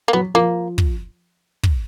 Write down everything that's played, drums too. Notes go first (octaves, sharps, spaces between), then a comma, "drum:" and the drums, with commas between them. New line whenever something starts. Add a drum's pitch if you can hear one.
A#3
F#3 B3
F3 A#3
drum: kick
drum: kick